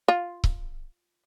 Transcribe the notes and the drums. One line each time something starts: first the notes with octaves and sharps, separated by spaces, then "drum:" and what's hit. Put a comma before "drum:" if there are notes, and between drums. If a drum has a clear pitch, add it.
F4
drum: kick C#1